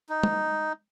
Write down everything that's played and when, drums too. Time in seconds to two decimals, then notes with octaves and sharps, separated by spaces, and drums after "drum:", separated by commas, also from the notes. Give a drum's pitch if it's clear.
0.09 D#4
0.23 drum: tom